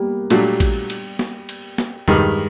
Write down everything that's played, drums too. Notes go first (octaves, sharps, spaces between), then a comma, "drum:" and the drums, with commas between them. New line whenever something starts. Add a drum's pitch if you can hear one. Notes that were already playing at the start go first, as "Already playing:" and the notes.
Already playing: G3 A#3 B3
A#2 F#3 G3 A3 D4, drum: cymbal
drum: kick A1, cymbal
drum: cymbal
drum: snare
drum: cymbal
drum: snare
G2 D#3 G3 G#3, drum: tom E2